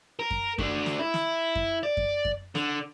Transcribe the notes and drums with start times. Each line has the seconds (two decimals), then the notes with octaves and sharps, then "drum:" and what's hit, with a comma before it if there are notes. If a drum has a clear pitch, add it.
0.19 A#4
0.31 drum: kick F#2
0.59 A3 D4, drum: kick F#2
0.86 drum: snare
0.99 E4
1.14 drum: snare
1.55 drum: kick F#2
1.83 D5
1.97 drum: kick F#2
2.25 drum: kick F#2
2.55 D3, drum: snare